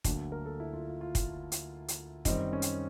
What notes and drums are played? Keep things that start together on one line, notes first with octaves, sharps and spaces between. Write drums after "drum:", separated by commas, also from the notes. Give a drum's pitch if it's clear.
D2 D3 F#3 A#3 D4, drum: kick, hi-hat
A#4
A4
E4
F4
F4
F4
drum: kick, hi-hat
drum: hi-hat
drum: hi-hat
F#2 D#3 G3 C4 D#4, drum: kick, hi-hat
C#4
drum: hi-hat